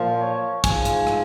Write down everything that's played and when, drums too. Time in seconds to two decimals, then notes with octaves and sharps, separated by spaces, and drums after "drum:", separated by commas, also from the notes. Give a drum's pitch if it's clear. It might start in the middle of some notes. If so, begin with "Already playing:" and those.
Already playing: A#2 F3
0.20 C#5
0.64 G#2 F3 G#5, drum: kick, hi-hat
0.85 drum: hi-hat
1.07 drum: rim click